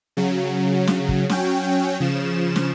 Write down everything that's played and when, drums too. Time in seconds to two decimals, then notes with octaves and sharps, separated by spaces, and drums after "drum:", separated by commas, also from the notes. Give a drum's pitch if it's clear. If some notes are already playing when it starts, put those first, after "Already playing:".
0.17 C#3 F#3
0.87 drum: snare
1.08 drum: kick
1.29 F#3 C#4 G5, drum: snare
2.00 C#3 F3 E7
2.56 drum: snare